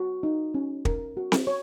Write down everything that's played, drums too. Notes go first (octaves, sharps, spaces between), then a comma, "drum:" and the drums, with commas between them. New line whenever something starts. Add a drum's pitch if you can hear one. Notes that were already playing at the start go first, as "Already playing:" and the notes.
Already playing: F#4
D#4
C#4
A#4, drum: kick
F#4
drum: snare C4
C#5